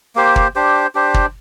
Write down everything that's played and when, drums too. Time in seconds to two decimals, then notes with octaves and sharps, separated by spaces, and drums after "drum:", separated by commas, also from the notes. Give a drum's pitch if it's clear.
0.16 A#3 G4 C5
0.36 drum: kick
0.56 D4 G4 C5
0.95 D4 G4 C5
1.14 drum: kick